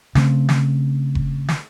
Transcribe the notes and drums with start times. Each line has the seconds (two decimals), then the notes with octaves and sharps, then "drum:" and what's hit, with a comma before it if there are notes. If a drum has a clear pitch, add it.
0.15 C#3 A3 C4, drum: snare
0.49 drum: snare
1.15 drum: kick F1
1.48 drum: snare